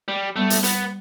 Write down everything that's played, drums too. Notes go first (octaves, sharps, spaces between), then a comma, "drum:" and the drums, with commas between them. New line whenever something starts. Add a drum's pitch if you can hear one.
G3
G3 A3 B3
drum: hi-hat
B3, drum: hi-hat